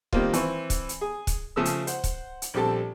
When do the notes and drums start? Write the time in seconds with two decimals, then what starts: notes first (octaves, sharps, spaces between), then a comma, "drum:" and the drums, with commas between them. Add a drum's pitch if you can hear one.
0.13 D#3 G3 A#3 C4 F4, drum: kick C#1
0.33 E3 C4 C#6, drum: hi-hat
0.70 drum: kick C#1, hi-hat
0.89 drum: hi-hat
1.01 G#4
1.27 drum: kick C#1, hi-hat
1.56 C#3 F3 A3 E6
1.65 drum: hi-hat
1.87 C5 F#5, drum: hi-hat
2.04 drum: kick C#1, hi-hat
2.42 drum: hi-hat
2.54 A#1 G3 C4 G4 A4 A5